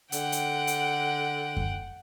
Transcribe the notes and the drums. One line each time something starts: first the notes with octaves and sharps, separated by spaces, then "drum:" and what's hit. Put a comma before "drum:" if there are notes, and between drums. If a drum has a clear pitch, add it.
D3 F#5 G5, drum: hi-hat
drum: hi-hat
drum: hi-hat
drum: kick F#2